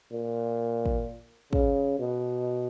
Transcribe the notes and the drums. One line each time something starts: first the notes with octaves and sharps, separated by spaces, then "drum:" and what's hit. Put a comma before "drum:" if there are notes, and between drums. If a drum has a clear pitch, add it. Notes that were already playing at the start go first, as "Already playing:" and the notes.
A#2
drum: kick
C#3, drum: kick
B2